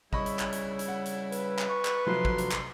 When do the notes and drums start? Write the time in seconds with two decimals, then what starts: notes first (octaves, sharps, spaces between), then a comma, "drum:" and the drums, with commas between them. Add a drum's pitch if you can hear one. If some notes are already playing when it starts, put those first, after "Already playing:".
0.13 C#3 G3 E4 D#5 B5 C#6, drum: kick
0.26 drum: hi-hat
0.39 drum: clap
0.52 drum: hi-hat
0.79 drum: hi-hat
0.88 F#5
1.05 drum: hi-hat
1.32 B4, drum: hi-hat
1.59 drum: clap
1.69 C#6
1.85 drum: clap
2.07 D2 C3 F3 F#3 C6
2.25 drum: kick
2.38 drum: hi-hat
2.51 drum: clap